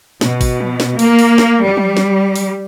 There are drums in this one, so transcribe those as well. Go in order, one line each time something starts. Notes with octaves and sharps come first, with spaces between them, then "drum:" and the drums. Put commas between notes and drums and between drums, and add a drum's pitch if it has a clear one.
B2, drum: snare
drum: kick, open hi-hat
drum: tom
drum: snare
A#3, drum: open hi-hat
drum: open hi-hat
drum: snare
G3
drum: tom
drum: snare
drum: open hi-hat